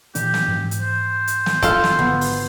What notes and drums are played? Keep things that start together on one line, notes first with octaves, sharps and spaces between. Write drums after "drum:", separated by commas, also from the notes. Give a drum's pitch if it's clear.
A#2 E3 D4 G4, drum: hi-hat
drum: snare
G#2 E3
drum: hi-hat
C5
drum: hi-hat
drum: snare
F4 A4 F5, drum: kick, hi-hat
drum: snare
G#1 D3 B3
drum: open hi-hat